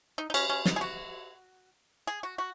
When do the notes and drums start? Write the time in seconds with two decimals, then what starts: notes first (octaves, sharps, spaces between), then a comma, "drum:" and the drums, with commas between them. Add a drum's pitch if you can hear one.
0.18 D#4
0.30 D#4
0.34 C#4, drum: cymbal
0.50 C#4
0.65 D#4, drum: snare
0.76 G#4
0.81 F#4
2.07 G#4
2.23 F#4
2.38 F#4